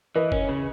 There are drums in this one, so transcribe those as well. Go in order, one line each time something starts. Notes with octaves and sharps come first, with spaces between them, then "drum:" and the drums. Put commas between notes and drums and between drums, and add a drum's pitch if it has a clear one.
E3 B4 D#5
C#4, drum: kick
C#3